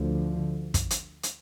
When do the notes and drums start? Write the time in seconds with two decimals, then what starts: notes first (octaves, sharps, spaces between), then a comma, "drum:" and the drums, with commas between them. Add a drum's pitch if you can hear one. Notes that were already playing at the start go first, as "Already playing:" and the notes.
Already playing: D2 D3 F3
0.74 drum: kick, hi-hat
0.90 drum: hi-hat
1.23 drum: hi-hat